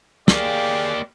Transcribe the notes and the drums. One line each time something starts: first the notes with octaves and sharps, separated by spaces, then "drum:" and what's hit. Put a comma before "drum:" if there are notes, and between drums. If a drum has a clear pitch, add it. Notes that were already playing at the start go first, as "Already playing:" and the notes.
A#3 G4 G#4 D5 F5 G5, drum: snare